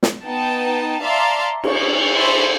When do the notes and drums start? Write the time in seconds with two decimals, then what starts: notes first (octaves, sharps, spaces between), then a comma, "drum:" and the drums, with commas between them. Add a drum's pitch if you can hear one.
0.03 drum: snare
0.24 B3 D#4 G5 A5
1.01 D5 E5 F5 A5 A#5 C6
1.64 C#6, drum: cymbal
2.14 E4 A4 C5 G#5 C6 C#6